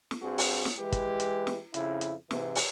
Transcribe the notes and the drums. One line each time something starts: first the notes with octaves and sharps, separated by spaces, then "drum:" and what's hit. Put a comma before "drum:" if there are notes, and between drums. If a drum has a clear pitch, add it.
drum: snare
G2 C4 F#4 G#4
drum: open hi-hat
drum: snare
E3 G#3 G4 B4
drum: kick, hi-hat
drum: hi-hat
drum: snare
F2 C#3 E4, drum: hi-hat
drum: hi-hat
G#2 C3 E3, drum: snare
drum: open hi-hat